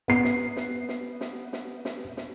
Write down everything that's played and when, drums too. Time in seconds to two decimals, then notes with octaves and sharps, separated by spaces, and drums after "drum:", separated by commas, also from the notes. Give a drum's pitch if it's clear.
0.08 B3 C7
0.24 drum: snare
0.56 drum: snare
0.89 drum: snare
1.21 drum: snare
1.53 drum: snare
1.85 drum: snare
2.17 drum: snare